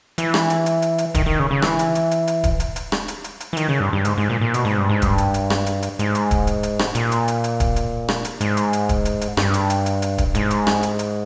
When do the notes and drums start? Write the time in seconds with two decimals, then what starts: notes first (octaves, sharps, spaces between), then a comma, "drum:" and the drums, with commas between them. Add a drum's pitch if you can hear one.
0.18 E3, drum: hi-hat
0.34 drum: rim click
0.50 drum: hi-hat
0.66 drum: hi-hat
0.82 drum: hi-hat
0.98 drum: hi-hat
1.15 D#3, drum: kick, hi-hat
1.26 D#3
1.39 C#3
1.51 C#3
1.62 E3, drum: rim click
1.79 drum: hi-hat
1.95 drum: hi-hat
2.11 drum: hi-hat
2.27 drum: hi-hat
2.44 drum: kick, hi-hat
2.60 drum: hi-hat
2.76 drum: hi-hat
2.92 drum: rim click
3.08 drum: hi-hat
3.24 drum: hi-hat
3.40 drum: hi-hat
3.53 E3
3.57 D#3, drum: hi-hat
3.69 C#3
3.80 G2
3.93 G2
4.05 G#2, drum: hi-hat
4.18 G#2
4.29 A#2
4.41 A#2
4.54 B2, drum: hi-hat
4.65 G#2
4.78 G2
4.89 G#2
5.02 G2, drum: kick, hi-hat
5.18 drum: hi-hat
5.34 drum: hi-hat
5.50 drum: rim click
5.66 drum: hi-hat
5.83 drum: hi-hat
5.99 G#2, drum: hi-hat
6.15 drum: hi-hat
6.31 drum: kick, hi-hat
6.47 drum: hi-hat
6.63 drum: hi-hat
6.79 drum: rim click
6.95 A#2, drum: hi-hat
7.12 drum: hi-hat
7.28 drum: hi-hat
7.44 drum: hi-hat
7.60 drum: kick, hi-hat
7.76 drum: hi-hat
8.08 drum: rim click
8.25 drum: hi-hat
8.41 G#2, drum: hi-hat
8.57 drum: hi-hat
8.73 drum: hi-hat
8.89 drum: kick, hi-hat
9.05 drum: hi-hat
9.21 drum: hi-hat
9.37 G2, drum: rim click
9.54 drum: hi-hat
9.70 drum: hi-hat
9.86 drum: hi-hat
10.02 drum: hi-hat
10.18 drum: kick, hi-hat
10.35 G#2, drum: hi-hat
10.51 drum: hi-hat
10.67 drum: rim click
10.83 drum: hi-hat
10.99 drum: hi-hat